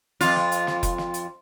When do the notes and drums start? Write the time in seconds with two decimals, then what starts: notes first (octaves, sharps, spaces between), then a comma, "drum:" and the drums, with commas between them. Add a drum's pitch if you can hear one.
0.21 F2 F4, drum: hi-hat
0.36 drum: snare
0.52 drum: hi-hat
0.67 drum: snare
0.83 drum: kick F1, hi-hat
0.98 drum: snare
1.14 drum: hi-hat